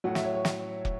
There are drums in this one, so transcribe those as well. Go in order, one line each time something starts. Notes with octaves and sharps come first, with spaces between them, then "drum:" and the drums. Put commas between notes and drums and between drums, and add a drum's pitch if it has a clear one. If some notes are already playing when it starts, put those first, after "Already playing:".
A2 F#3 F#5
E5, drum: snare
C#5
C#5
drum: snare
drum: kick